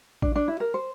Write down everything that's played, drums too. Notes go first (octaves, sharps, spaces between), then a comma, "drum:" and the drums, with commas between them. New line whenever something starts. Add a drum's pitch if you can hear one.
D4, drum: kick A1
D4
E4
A#4
C5